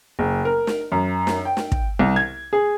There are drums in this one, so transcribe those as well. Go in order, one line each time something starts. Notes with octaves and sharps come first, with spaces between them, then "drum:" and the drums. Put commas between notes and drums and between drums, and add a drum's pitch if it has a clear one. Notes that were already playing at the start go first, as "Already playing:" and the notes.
F#1
A#4
drum: snare
F#2
drum: snare
G5
drum: snare
drum: kick
C2
G#6
G#4